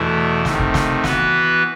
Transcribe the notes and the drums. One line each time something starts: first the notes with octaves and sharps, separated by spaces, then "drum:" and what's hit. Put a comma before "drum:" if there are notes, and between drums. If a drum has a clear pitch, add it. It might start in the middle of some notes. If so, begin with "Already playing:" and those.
Already playing: E2 B2 A3 E4
C3 D#3 A3, drum: snare
drum: kick
drum: snare
E3 B3 F#4 B4, drum: snare